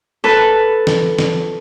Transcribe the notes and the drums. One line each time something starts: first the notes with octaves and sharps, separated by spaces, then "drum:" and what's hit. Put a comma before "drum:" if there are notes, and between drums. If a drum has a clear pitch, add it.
A4 B4
drum: snare
drum: snare